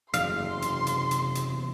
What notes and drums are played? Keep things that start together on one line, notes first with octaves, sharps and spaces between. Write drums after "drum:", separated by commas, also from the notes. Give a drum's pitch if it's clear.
F#1 E2 C3 F5 C6, drum: hi-hat
drum: hi-hat
drum: hi-hat
drum: hi-hat
drum: hi-hat